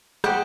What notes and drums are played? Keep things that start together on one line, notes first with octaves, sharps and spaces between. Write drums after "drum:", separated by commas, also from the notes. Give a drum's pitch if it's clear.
G4 C5 D#5 F#5, drum: rim click